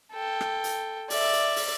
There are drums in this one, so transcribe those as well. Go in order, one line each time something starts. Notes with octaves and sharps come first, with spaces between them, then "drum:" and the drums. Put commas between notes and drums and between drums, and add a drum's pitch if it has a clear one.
A4 G5
drum: rim click
drum: hi-hat
D5 E5, drum: open hi-hat
drum: hi-hat
drum: open hi-hat